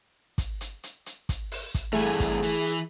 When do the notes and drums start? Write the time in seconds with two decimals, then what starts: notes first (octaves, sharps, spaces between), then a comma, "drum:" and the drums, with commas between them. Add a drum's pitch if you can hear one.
0.38 drum: kick, hi-hat
0.61 drum: hi-hat
0.83 drum: hi-hat
1.06 drum: hi-hat
1.29 drum: kick, hi-hat
1.52 drum: open hi-hat
1.75 drum: kick, hi-hat
1.93 G2 E3 A3 G#4 G#5
2.20 drum: kick, hi-hat
2.43 E3, drum: hi-hat
2.66 drum: hi-hat